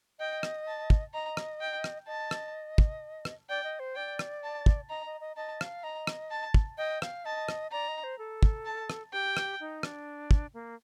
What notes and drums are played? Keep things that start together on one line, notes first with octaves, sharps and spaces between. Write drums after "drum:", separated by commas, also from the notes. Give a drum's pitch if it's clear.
D#5 G5
drum: rim click
A5
drum: kick
D#5 A#5
drum: rim click
G5
drum: rim click
D#5 A5
drum: rim click
drum: kick
drum: rim click
D5 G5
D#5
C5
D5 G5
drum: rim click
A5
drum: kick
D#5 A#5
D#5
D#5
D#5 A5
F5, drum: rim click
D#5 A#5
drum: rim click
A5
drum: kick
D#5 G5
F5, drum: rim click
D#5 A5
drum: rim click
D5 A#5
D#5
C5
A4
drum: kick
A5
drum: rim click
G4 G5
drum: rim click
D#4
D4, drum: rim click
drum: kick
A#3